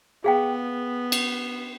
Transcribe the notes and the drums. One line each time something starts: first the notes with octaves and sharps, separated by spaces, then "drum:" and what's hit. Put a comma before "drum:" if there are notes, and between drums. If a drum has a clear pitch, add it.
B3 G#4 F5 G5
drum: cymbal